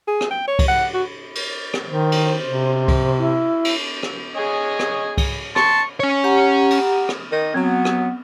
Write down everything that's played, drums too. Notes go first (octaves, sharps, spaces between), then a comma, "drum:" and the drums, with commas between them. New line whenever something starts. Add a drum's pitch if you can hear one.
G#4
drum: rim click
G5
C#5
drum: kick C2, cymbal
F#5
F#4
drum: cymbal
drum: rim click
D#3 C5
drum: cymbal
C3
drum: kick C2, cymbal
E4
drum: cymbal
drum: rim click
G#4 C#5 D#5 G#5
drum: rim click
drum: kick C2, cymbal
A5 C6 C#6, drum: rim click
C#4 C#5
G4 F#5 A#5
drum: cymbal
drum: rim click
D#3 D#5
F#3 B3 C4
drum: rim click